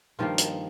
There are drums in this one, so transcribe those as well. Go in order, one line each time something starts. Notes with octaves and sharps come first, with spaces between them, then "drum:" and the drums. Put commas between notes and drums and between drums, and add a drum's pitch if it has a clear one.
G2 D#3 F3 A#3 F4
drum: hi-hat